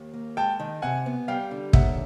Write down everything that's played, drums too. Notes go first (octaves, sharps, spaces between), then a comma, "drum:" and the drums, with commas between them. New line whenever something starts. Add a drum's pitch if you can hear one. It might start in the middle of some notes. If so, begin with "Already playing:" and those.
Already playing: D#2
A#3
G#3 G5 A5
D#3
C3 F#5 G#5
B3
G3 F5 G5
D3
D#2 E5 F#5, drum: kick